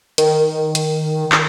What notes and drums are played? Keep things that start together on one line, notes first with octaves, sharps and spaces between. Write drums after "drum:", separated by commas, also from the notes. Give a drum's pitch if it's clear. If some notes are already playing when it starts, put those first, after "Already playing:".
D#3, drum: hi-hat
drum: hi-hat
drum: clap